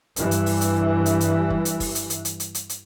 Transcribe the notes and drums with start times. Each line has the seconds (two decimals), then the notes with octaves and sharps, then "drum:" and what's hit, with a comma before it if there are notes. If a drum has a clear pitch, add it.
0.16 G2 E3, drum: hi-hat
0.31 drum: hi-hat
0.46 drum: open hi-hat
0.61 drum: hi-hat
1.06 drum: hi-hat
1.21 drum: hi-hat
1.50 drum: kick
1.65 drum: hi-hat
1.80 drum: kick, open hi-hat
1.95 drum: hi-hat
2.10 drum: hi-hat
2.25 drum: hi-hat
2.40 drum: hi-hat
2.55 drum: hi-hat
2.69 drum: hi-hat